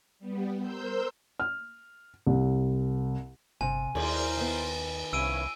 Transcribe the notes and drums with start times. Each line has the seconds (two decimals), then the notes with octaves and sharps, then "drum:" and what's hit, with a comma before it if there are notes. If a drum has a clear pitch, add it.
0.19 G3 B3
0.60 A#4 C5 E6 G6
1.40 F6
2.27 C2
3.61 G1 C3 G#5
3.95 D#2 E4 G#4 A#4 C5 D5, drum: cymbal
4.37 D#3 B3
5.13 C2 F3 C#4 E4 E6 D7 D#7